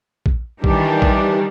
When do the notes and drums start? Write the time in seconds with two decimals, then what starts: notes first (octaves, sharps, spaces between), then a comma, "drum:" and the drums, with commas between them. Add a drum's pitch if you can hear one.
0.26 drum: kick A#1
0.64 D#3 E3 G3 D4 G4, drum: kick A#1
1.02 drum: kick A#1